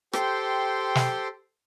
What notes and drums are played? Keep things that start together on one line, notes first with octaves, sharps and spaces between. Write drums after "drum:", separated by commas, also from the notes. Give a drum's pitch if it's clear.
G4 A4 C5 G5 C6, drum: rim click
drum: snare